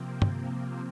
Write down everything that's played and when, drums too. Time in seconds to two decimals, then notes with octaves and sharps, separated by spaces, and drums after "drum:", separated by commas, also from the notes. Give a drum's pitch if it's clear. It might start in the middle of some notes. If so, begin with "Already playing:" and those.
Already playing: C3 F3 A#3 C4
0.22 drum: tom